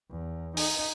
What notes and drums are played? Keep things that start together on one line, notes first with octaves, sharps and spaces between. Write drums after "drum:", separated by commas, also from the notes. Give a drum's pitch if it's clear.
E2
D#4, drum: open hi-hat